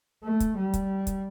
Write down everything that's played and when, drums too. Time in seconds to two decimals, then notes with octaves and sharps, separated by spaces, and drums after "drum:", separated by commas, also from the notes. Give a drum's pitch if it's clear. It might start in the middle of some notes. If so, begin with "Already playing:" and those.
0.23 A3
0.40 drum: kick, hi-hat
0.57 G3
0.74 drum: kick, hi-hat
1.07 drum: kick, hi-hat